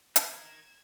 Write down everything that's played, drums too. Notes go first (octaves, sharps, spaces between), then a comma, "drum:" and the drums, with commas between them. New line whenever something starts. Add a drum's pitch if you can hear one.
D#4 A#4 G#6 E7, drum: hi-hat